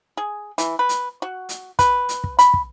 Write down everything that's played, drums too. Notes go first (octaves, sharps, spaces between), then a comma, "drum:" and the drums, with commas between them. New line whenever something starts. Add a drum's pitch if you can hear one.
G#4
E3, drum: hi-hat
B4
drum: hi-hat
F#4
drum: hi-hat
B4, drum: kick, hi-hat
drum: hi-hat
drum: kick
B5, drum: hi-hat
drum: kick